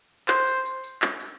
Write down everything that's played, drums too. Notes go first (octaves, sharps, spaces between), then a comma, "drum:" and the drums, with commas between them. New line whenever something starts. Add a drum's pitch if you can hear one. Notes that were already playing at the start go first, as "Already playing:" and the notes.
C5, drum: clap
drum: tambourine
drum: tambourine
drum: tambourine
drum: clap
drum: tambourine